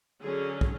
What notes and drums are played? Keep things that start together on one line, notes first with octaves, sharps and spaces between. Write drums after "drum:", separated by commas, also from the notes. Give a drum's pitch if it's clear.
D3 F#3 C#4 G#4
drum: kick